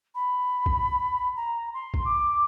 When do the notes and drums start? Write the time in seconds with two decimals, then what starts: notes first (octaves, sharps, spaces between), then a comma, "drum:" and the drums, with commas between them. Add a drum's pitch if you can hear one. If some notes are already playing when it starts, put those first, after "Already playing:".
0.15 B5
0.66 drum: kick A#1
1.36 A#5
1.74 C6
1.94 drum: kick A#1
2.05 D6